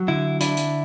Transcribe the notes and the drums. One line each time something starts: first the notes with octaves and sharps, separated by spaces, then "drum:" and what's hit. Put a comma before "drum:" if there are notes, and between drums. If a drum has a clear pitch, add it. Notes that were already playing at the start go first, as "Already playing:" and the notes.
Already playing: F#3
D3 E4
D4 E4, drum: hi-hat
drum: hi-hat